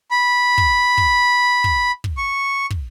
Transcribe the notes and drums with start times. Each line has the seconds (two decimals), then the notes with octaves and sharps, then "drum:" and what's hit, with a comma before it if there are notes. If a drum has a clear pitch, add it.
0.11 B5
0.58 drum: kick
0.98 drum: kick
1.64 drum: kick
2.04 drum: kick
2.17 C#6
2.70 drum: kick